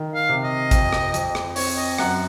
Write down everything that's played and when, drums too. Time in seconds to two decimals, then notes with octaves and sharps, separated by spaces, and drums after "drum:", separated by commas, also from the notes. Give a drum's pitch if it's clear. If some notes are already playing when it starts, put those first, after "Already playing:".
Already playing: D#3
0.15 F5
0.29 C3
0.44 D#5
0.71 F2, drum: kick A1, hi-hat
0.93 drum: rim click
1.14 F2, drum: hi-hat
1.35 drum: rim click
1.56 C4 C#5, drum: open hi-hat
1.78 D#5
1.98 F#2 F#5, drum: rim click